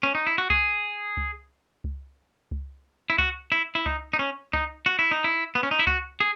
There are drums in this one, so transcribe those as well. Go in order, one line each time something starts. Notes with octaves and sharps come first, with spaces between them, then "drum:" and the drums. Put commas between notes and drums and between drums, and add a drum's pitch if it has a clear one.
C#4
D#4
E4
F#4
G#4, drum: kick C#2
drum: kick C#2
drum: kick C#2
drum: kick C#2
E4
F#4, drum: kick C#2
E4
E4
D#4, drum: kick C#2
D#4
C#4
D#4, drum: kick C#2
F#4
E4
D#4
E4
B3
C#4
D#4
E4
F#4, drum: kick C#2
G#4